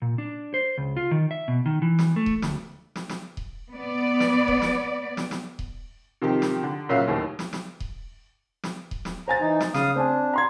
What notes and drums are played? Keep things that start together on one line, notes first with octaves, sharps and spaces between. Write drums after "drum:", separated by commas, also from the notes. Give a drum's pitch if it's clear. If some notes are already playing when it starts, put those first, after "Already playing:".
A#2
D4
C5
C#2
F4
D#3
E5
B2
D#3
E3
drum: snare
A3
drum: kick D#1
D2, drum: snare
drum: snare
drum: snare
drum: kick D#1
B3 D5
drum: snare
drum: kick D#1
drum: snare
drum: snare
drum: snare
drum: kick D#1
C3 D#3 F3 G4
drum: snare
D3
A#2 C#3 F#3 E5 F5
D#2 A2 D#3 E3
drum: snare
drum: snare
drum: kick D#1
drum: snare
drum: kick D#1
drum: snare
C5 G#5 A#5 A6
E3 D#4
drum: snare
C#3 F5 D#6, drum: snare
C4 D4 G#5
A#5 C6 G#6